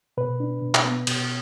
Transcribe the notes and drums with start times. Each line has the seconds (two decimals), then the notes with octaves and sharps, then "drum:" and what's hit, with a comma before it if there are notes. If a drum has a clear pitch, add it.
0.17 B2 B4
0.40 D4
0.62 B2
0.75 drum: clap
0.85 B3
1.07 B2, drum: cymbal